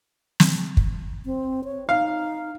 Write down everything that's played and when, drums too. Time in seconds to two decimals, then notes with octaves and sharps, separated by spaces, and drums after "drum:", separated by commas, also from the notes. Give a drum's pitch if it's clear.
0.40 drum: snare
0.77 drum: kick
1.25 C4
1.64 C#5
1.89 D#4 F5